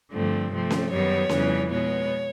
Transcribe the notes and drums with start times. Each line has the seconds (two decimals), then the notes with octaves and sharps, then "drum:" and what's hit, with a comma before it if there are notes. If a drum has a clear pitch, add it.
0.12 G2 D3 F3 A3 C4
0.51 C3 F3 A3 C4
0.71 drum: snare C#4
0.90 F#2 D#3 G3 B3 C#5
1.29 F2 C#3 E3 G3 B3, drum: snare C#4
1.69 B2 G#3 B3 C#5